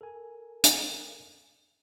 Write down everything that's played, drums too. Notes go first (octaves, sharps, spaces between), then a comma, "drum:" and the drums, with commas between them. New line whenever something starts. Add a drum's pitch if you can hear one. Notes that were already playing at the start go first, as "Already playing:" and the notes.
A4 A#4 G#5
drum: hi-hat